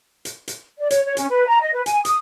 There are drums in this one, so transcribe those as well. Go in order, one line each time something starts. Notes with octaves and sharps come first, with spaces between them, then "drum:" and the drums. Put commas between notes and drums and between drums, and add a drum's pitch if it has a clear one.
drum: hi-hat
drum: hi-hat
D5
C#5, drum: hi-hat
C#5
C#4, drum: hi-hat
B4
A#5
D#5
B4
G#5, drum: hi-hat
D#6, drum: hi-hat